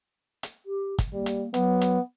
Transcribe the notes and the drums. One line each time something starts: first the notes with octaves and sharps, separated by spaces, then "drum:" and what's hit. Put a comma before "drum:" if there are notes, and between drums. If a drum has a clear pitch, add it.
drum: hi-hat
G4
drum: kick, hi-hat
G3 A#3
drum: hi-hat
F#3 B3, drum: hi-hat
drum: hi-hat